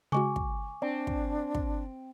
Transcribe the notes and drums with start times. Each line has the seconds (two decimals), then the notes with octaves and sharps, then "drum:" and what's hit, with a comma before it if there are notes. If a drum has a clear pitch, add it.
0.12 C#3 G#3 F#4 G#5 C#6 D6
0.36 drum: kick
0.82 C4 D4 D5
1.07 drum: kick
1.55 drum: kick